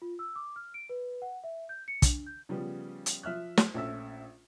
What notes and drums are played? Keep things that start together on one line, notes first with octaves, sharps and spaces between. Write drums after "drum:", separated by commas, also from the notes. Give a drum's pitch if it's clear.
F4
E6
D6
F6
D7
B4
F#5
E5
G6
C#7
D4, drum: kick, hi-hat
G6
C#3 F3 G3 B3
drum: hi-hat
F3 E5 F6 F#6
drum: snare
A#1 A3 C#4 E5 E6